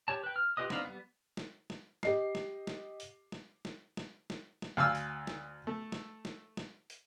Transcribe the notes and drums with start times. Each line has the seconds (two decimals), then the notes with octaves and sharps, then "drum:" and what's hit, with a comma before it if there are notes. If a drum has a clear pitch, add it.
0.08 G4 C#5 A5
0.24 B4 G5
0.36 F6
0.57 F4 G4 B4 D#5 D#6
0.70 B3 C4 D4 D#4 F5, drum: snare
0.85 G3 B3
1.37 drum: snare
1.70 drum: snare
2.03 G4 D#5 C7, drum: snare
2.35 drum: snare
2.67 drum: snare
3.00 drum: hi-hat
3.32 drum: snare
3.65 drum: snare
3.97 drum: snare
4.30 drum: snare
4.62 drum: snare
4.77 D2 F5 G#5 E6
4.95 drum: hi-hat
5.27 drum: snare
5.67 A3
5.92 drum: snare
6.25 drum: snare
6.57 drum: snare
6.90 drum: hi-hat